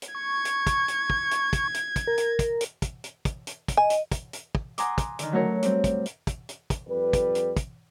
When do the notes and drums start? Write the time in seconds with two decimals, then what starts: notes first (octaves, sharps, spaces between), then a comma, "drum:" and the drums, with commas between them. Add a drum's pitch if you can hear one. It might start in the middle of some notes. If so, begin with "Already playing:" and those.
0.02 drum: hi-hat
0.15 C#6 G#6
0.45 drum: hi-hat
0.67 drum: kick, hi-hat
0.88 drum: hi-hat
1.10 drum: kick
1.31 drum: hi-hat
1.53 drum: kick, hi-hat
1.74 drum: hi-hat
1.96 drum: kick, hi-hat
2.07 A#4
2.17 drum: hi-hat
2.39 drum: kick, hi-hat
2.61 drum: hi-hat
2.82 drum: kick, hi-hat
3.04 drum: hi-hat
3.25 drum: kick, hi-hat
3.47 drum: hi-hat
3.68 drum: kick, hi-hat
3.77 D#5 G#5
3.90 drum: hi-hat
4.12 drum: kick, hi-hat
4.33 drum: hi-hat
4.55 drum: kick
4.78 F#5 G#5 A#5 C6 D6 D#6, drum: hi-hat
4.98 drum: kick, hi-hat
5.19 D3 D#3, drum: hi-hat
5.32 F#3 A3 C#4 F#4 A#4 C#5
5.62 G3 C4, drum: hi-hat
5.84 drum: kick, hi-hat
6.06 drum: hi-hat
6.27 drum: kick, hi-hat
6.49 drum: hi-hat
6.70 drum: kick, hi-hat
6.88 F2 G3 B4
7.13 drum: kick, hi-hat
7.35 drum: hi-hat
7.57 drum: kick, hi-hat